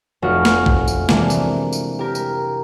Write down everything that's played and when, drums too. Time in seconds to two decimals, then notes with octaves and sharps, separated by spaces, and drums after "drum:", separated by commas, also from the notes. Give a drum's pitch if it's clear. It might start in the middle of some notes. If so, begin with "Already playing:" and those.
0.22 F1 F#4 C#6 F6
0.45 drum: snare
0.66 drum: kick A#1
0.88 drum: tambourine
1.09 C3 E3 G#3 A#3 D4, drum: snare
1.30 drum: tambourine
1.73 drum: tambourine
1.99 G4 A#4
2.15 drum: tambourine